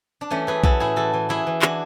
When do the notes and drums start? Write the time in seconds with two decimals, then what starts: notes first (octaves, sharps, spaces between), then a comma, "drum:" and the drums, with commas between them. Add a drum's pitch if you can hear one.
0.21 D4
0.31 E3 A3 C#4
0.47 E3 G#4 B4
0.64 E3 F#4 A4, drum: kick B1
0.80 A2 E4 G#4
0.96 E3 F#4 A4
1.14 E3
1.29 E3 E4 G#4
1.47 E3
1.62 E3 D4 F#4, drum: clap